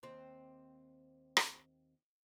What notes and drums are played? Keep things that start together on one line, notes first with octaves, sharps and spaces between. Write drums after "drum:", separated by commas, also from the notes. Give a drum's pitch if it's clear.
D#2 C4
drum: rim click